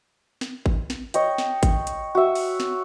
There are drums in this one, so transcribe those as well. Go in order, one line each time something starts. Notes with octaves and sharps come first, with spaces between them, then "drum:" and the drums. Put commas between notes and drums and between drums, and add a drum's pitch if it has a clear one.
drum: snare
drum: kick G#1
drum: snare
C#5 D#5 G5, drum: hi-hat
drum: snare
drum: kick G#1, hi-hat
drum: hi-hat
F#4 E5
drum: open hi-hat
drum: snare